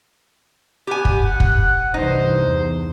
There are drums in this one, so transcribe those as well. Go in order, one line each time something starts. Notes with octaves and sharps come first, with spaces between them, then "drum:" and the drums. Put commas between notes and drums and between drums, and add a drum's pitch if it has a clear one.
B3 G4 G#5
drum: kick
F#5
drum: kick
C2 G2 E3 D#4 C5
E2